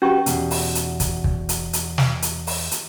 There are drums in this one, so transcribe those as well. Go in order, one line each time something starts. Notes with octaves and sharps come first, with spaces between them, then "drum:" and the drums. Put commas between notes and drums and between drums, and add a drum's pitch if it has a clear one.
C#4 F#4 G4 B4 C#6
E2 B2, drum: hi-hat
drum: open hi-hat
drum: hi-hat
drum: kick, hi-hat
drum: kick
drum: hi-hat
drum: hi-hat
drum: snare
drum: hi-hat
drum: open hi-hat
drum: hi-hat